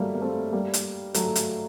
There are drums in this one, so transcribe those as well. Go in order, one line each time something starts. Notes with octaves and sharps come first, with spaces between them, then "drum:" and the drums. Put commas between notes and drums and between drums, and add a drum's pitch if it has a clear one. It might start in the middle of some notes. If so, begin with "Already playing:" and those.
Already playing: F#3 G3 A3 A#3
A#3
A3 C4
G3 A#3
drum: hi-hat
F#3 A3, drum: hi-hat
drum: hi-hat